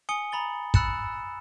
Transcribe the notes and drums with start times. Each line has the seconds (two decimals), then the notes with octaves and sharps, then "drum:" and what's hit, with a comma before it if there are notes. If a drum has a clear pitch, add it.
0.09 G#5 D#6 C#7 G7
0.32 A#5 B5 A6 G7
0.74 B5 E6 F#6 A6 C#7 E7, drum: kick